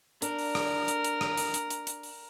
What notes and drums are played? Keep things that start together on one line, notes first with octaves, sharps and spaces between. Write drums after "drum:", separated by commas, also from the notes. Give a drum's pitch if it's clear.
D4 A#4, drum: hi-hat
drum: open hi-hat
drum: rim click
drum: hi-hat
drum: hi-hat
drum: rim click
drum: hi-hat
drum: hi-hat
drum: hi-hat
drum: hi-hat
drum: open hi-hat